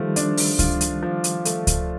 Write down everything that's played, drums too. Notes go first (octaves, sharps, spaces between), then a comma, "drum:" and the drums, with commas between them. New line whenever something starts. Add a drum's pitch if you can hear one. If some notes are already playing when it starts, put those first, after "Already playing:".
Already playing: D#3 F3 G3 A3
D4, drum: hi-hat
drum: open hi-hat
F4, drum: kick C#2, hi-hat
drum: hi-hat
F3
drum: hi-hat
A3, drum: hi-hat
drum: kick C#2, hi-hat